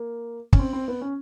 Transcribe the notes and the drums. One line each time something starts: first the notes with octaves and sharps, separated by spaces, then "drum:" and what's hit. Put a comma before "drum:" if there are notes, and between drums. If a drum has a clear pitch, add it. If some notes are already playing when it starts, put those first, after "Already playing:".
Already playing: A#3
C#4, drum: kick
C4
C4
B3
C#4